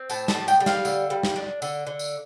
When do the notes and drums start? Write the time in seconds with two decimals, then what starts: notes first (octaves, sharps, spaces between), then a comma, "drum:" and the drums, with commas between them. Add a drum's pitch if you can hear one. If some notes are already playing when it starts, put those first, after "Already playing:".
Already playing: C4
0.10 A2 A5, drum: tambourine
0.28 A5, drum: snare
0.35 A2
0.48 G5, drum: tambourine
0.60 G3
0.66 F5, drum: snare
0.85 D3, drum: tambourine
1.10 G3
1.23 drum: snare
1.36 D4
1.62 D3, drum: tambourine
1.87 D3
1.99 drum: tambourine